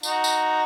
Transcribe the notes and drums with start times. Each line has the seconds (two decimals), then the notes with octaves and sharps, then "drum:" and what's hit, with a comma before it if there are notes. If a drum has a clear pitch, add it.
0.03 D#4 F#4, drum: tambourine
0.24 drum: tambourine